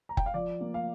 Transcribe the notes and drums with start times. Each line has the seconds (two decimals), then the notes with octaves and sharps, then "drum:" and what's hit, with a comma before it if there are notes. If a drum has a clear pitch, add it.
0.09 A#5
0.17 G5, drum: kick
0.26 F5
0.34 F3 D5
0.61 A#3
0.74 F5